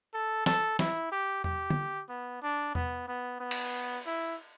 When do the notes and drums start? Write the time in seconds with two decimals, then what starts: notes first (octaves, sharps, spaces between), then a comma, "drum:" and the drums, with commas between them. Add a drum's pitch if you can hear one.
0.14 A4
0.46 A4, drum: snare
0.79 E4, drum: snare
1.12 G4
1.44 G4, drum: tom E2
1.70 drum: tom D3
2.09 B3
2.42 D4
2.75 B3, drum: tom E2
3.08 B3
3.40 B3
3.51 drum: cymbal
4.06 E4